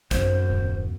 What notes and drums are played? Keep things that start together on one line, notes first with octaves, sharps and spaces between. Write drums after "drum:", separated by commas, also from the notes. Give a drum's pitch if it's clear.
F#2 F#3 D#4 C5, drum: kick G#1, hi-hat
D#1 A2